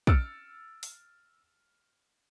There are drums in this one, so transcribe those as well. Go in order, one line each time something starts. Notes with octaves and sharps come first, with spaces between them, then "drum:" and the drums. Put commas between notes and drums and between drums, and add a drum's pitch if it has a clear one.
E6 F6 A6 C#7 D7, drum: kick
drum: open hi-hat